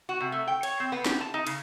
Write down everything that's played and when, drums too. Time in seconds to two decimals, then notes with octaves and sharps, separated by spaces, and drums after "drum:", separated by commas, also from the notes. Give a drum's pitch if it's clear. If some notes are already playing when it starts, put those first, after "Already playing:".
0.09 F#4
0.21 C3
0.32 A3
0.48 G5
0.63 C#5, drum: cymbal
0.80 C4
0.92 B3
1.06 G4, drum: snare
1.21 A5
1.34 D#4
1.47 C#3, drum: cymbal